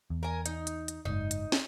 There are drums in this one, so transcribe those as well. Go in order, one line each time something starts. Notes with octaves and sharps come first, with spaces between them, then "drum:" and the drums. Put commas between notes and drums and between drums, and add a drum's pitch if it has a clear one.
E2
A#4 G#5
D#4, drum: hi-hat
drum: hi-hat
drum: hi-hat
F#1 G#2 D#4
drum: hi-hat
drum: snare